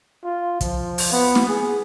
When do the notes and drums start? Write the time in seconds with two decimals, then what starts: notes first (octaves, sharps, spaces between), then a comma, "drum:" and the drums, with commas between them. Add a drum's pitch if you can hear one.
0.24 F4
0.61 F3, drum: kick, hi-hat
0.98 drum: open hi-hat
1.12 B3
1.35 drum: snare
1.48 G#4